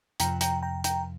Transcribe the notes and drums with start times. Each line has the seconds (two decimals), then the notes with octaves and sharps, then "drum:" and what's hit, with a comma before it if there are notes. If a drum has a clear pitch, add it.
0.20 F2 C3 F3 G5 A#5, drum: hi-hat
0.41 G5 A#5, drum: hi-hat
0.62 G5 A#5
0.84 G5 A#5, drum: hi-hat